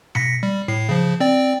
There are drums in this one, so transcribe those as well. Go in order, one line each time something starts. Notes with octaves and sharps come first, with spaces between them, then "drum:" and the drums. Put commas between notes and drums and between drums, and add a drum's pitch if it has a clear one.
A#6 B6 C#7, drum: tom B2
G3
A2 C7
C#3 F3
C4 D5 G5